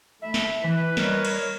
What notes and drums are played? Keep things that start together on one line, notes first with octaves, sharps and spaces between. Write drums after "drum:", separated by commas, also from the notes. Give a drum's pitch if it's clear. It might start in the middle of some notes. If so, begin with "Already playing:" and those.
A3 E5 B5
drum: snare
E3 E4 B4
G3 A#4 C#5 D#5, drum: snare
drum: cymbal